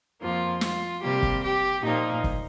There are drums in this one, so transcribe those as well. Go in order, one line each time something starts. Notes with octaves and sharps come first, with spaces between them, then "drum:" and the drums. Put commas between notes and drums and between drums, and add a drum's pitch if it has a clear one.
F2 F3 A#3 F4
F4, drum: snare
C3 G3 A#3 G4
drum: kick
G4
A#2 F3 A#3 D#4
drum: kick